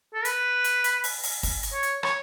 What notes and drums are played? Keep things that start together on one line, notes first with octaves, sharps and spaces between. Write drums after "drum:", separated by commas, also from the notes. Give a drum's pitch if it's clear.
A4
B4, drum: hi-hat
drum: hi-hat
drum: hi-hat
drum: open hi-hat
drum: open hi-hat
drum: kick, open hi-hat
drum: hi-hat
C#5
drum: hi-hat
C#5, drum: rim click